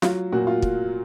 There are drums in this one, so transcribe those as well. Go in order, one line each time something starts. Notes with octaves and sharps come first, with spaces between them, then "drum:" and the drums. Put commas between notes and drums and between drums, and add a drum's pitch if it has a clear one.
F#3 F4, drum: snare
A#2 F#4
F4
drum: kick